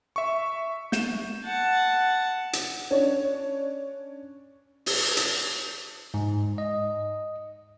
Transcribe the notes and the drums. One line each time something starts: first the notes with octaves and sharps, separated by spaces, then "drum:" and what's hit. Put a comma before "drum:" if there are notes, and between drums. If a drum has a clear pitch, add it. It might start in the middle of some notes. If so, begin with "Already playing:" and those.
E5 C#6
G6 E7, drum: snare
F#5 A5
drum: hi-hat
C#4 D4 C#5
drum: open hi-hat
drum: hi-hat
G#2
D#5